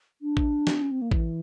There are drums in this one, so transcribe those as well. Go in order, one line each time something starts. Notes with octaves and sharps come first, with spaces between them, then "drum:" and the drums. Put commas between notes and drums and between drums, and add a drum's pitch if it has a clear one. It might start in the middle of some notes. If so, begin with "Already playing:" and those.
D4
drum: kick A1
drum: snare
C#4
C4
A#3
E3, drum: kick A1